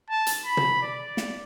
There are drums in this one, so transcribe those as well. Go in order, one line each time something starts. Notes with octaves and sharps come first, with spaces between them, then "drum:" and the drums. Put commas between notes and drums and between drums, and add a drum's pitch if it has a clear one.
A5
drum: hi-hat
B5
drum: tom
D5
drum: snare